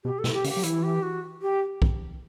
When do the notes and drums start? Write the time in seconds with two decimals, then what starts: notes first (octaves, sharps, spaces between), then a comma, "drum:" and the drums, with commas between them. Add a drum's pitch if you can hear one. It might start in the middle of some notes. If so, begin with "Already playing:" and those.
0.04 B2 G4
0.19 A4
0.24 B2, drum: snare
0.33 G4
0.44 C#3, drum: open hi-hat
0.48 G4
0.57 F#3
0.63 E3 E4, drum: hi-hat
0.83 G4
1.03 F#4
1.42 G4
1.82 drum: kick B1